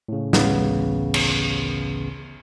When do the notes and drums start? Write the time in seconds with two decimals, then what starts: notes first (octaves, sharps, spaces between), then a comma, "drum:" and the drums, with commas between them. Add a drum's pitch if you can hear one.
0.08 A2 C#3
0.33 A1 D2 C#3 B3, drum: snare
1.14 drum: cymbal